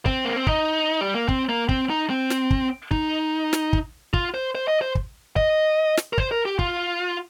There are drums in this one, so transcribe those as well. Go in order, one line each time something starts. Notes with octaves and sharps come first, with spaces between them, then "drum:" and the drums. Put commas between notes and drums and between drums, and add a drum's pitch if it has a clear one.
C4, drum: kick
A#3
C4
D#4, drum: kick
G3
A#3
C4, drum: kick
A#3
C4, drum: kick
D#4
C4
drum: snare
drum: kick
D#4, drum: kick
drum: snare
drum: kick
F4, drum: kick
C5
C5
D#5
C5
drum: kick
D#5, drum: kick
drum: snare
A#4
C5, drum: kick
A#4
G4
F4, drum: kick